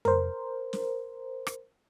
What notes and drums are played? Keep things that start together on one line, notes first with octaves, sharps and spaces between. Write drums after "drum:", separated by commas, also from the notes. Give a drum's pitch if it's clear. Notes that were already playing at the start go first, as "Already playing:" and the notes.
A#4 C5, drum: tom F2
drum: snare
drum: rim click